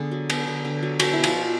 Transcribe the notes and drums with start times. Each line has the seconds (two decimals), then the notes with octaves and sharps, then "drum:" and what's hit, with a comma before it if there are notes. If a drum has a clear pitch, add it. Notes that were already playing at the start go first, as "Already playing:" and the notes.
Already playing: D3 B3 G#4
0.12 F#3
0.30 B3, drum: cymbal
0.47 D3
0.65 D3
0.83 F#3
1.00 F#3 B3 F#4, drum: cymbal
1.13 B2 E4
1.24 F3 F4, drum: cymbal
1.36 B2